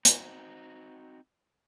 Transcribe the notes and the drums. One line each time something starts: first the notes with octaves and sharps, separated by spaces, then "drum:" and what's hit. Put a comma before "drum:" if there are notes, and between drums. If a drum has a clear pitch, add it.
C4 D#4 F#4, drum: hi-hat